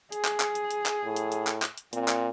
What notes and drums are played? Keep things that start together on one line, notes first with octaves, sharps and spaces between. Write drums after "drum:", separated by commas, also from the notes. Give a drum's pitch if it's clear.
G#4, drum: hi-hat
drum: clap
drum: clap
drum: hi-hat
drum: hi-hat
drum: clap
A2
drum: hi-hat
drum: hi-hat
drum: clap
drum: clap
drum: hi-hat
A#2 C4, drum: hi-hat
drum: clap